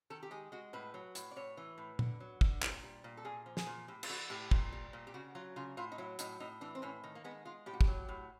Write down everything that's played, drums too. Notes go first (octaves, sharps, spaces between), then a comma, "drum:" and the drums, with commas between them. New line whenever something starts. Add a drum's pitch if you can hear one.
D#3 A4
G4
G#3 G#4
G#3 F#4
A2 B4
F#3
A2, drum: hi-hat
D5
A2 C#5
E3
A2
D3, drum: tom
F#3
D3, drum: kick
A#2, drum: clap
G3
A#2
A4
A#2 G#4
F3
G#4, drum: snare
A#2
A2 G4
F4, drum: cymbal
E3 F#4
A2 G4
A#2, drum: kick
G3
A#2
G4
C#3 F#4
F#3 F4
C#3 F4
A2 F4
D#4
F#3 E4
A2 D#4, drum: hi-hat
A2 D#4
E3 D4
C4
A2 C#4
D#3
A#3
G#3 B3
G#3 F4
A2 G4
F#4
G4, drum: kick
F#3
A2